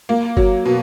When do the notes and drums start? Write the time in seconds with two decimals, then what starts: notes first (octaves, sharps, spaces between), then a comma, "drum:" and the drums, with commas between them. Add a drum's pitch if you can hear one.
0.09 A#3
0.37 F#3, drum: kick F#1
0.65 B2